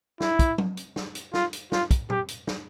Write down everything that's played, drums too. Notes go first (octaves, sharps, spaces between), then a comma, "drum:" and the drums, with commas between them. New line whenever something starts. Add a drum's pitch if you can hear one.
E4, drum: snare
drum: kick, hi-hat
drum: tom F#3
drum: hi-hat
drum: snare
drum: hi-hat
F4, drum: snare
drum: hi-hat
F4, drum: snare
drum: kick, hi-hat
G4, drum: tom A#2
drum: hi-hat
drum: snare